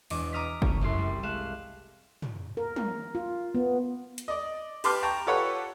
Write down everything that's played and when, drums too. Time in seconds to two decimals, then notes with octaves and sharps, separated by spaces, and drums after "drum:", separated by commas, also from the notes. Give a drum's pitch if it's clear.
0.10 E1 E2 D#5 D6, drum: open hi-hat
0.33 A#5 D6 D#6 F6 A#6 B6
0.62 A3 C#4, drum: kick F#1
0.81 C2 F#2 E4 C6
0.98 G3
1.23 G#3 A3 F5 F#6 E7
2.22 drum: tom
2.57 A#4
2.76 drum: tom
3.15 F4
3.55 B3
4.18 drum: hi-hat
4.28 D5 D#5
4.84 G4 B4 A5 C6 D6 F6, drum: cymbal
5.03 G5 A5 A#5 C#6
5.27 F4 G4 A4 B4 C#5 F#5